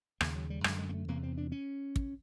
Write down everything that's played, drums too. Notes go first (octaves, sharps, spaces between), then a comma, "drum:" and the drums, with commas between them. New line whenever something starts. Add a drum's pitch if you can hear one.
D#2 C#3 A#3, drum: rim click
F#3
G3
F#2 D3 G#3, drum: rim click
G#3
A#3
A3
E2 C3 A#3
C4
D4
C#4
drum: kick